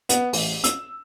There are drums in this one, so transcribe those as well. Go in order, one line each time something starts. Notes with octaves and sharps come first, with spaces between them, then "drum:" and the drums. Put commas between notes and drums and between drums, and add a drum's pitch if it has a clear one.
B3, drum: hi-hat
A1, drum: open hi-hat
E6, drum: hi-hat